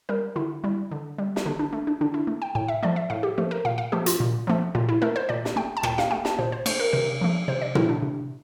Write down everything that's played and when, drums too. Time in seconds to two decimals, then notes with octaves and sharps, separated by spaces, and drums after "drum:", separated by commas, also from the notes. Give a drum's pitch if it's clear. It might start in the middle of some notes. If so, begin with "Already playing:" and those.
0.09 G3 A#4
0.36 D3 E4
0.64 G3 E4
0.91 D3
1.18 G3
1.36 drum: snare
1.46 D3 D4
1.59 D4
1.73 A3
1.87 D4
2.01 D3 D4
2.14 E4
2.27 A3
2.42 G5
2.55 A2 G5
2.68 E5
2.83 F3 A3 D5
2.96 E5
3.10 A2 F5
3.23 G4
3.38 F3 A3 A4
3.51 A#4
3.65 A#2 F5
3.78 F5
3.92 F3 A3 G4
4.06 F4, drum: hi-hat
4.20 A#2
4.47 F3 A3
4.75 A#2 F4
4.89 E4
5.02 A3 A#4
5.16 C5
5.29 A#2 D5
5.45 drum: snare
5.56 A3 G5
5.77 A5
5.83 A#2 G5, drum: rim click
5.98 F5, drum: snare
6.11 A3 G5
6.25 A5, drum: snare
6.39 A#2 C5
6.52 C5
6.66 A3 C5, drum: cymbal
6.80 A#4
6.93 C3 A#4
7.21 F3 A3
7.48 C3 C5
7.62 D5
7.75 F3 A3 E4, drum: tom A#2
7.89 D4
8.02 C3